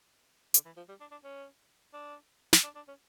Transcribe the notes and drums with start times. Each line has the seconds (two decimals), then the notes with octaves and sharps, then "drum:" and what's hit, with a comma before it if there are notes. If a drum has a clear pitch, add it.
0.54 D3, drum: hi-hat
0.65 E3
0.77 F3
0.89 G3
1.00 D4
1.12 D4
1.24 C#4
1.94 D4
2.53 drum: snare
2.64 D4
2.76 D4
2.88 C#4